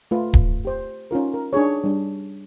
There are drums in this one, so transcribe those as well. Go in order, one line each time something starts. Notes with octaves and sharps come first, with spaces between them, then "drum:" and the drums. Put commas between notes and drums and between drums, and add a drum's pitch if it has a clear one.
A3 F4 B4
drum: kick D1
G4 C5
C#4 D#4 F4 A#4
A#4
D4 D#4 G#4 C#5
G3 D4